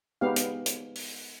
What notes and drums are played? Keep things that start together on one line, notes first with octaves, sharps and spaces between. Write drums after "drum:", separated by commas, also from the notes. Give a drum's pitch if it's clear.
G#3 B3 D#4 G4 F5
drum: hi-hat
drum: hi-hat
drum: open hi-hat